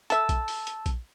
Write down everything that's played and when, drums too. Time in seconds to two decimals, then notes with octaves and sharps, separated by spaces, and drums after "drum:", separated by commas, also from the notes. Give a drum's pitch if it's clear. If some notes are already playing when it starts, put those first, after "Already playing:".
0.10 A4 E5 A5 E6, drum: hi-hat
0.29 drum: kick A#1, hi-hat
0.48 drum: open hi-hat
0.67 drum: hi-hat
0.86 drum: kick A#1, hi-hat